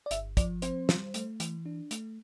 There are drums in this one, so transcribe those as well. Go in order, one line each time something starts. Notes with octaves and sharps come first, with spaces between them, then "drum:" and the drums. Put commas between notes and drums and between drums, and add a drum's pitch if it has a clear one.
D5
G1 E5, drum: hi-hat
F3 D5, drum: kick, hi-hat
C4 C5, drum: hi-hat
G3, drum: snare
A3, drum: hi-hat
E3, drum: hi-hat
D4
A3, drum: hi-hat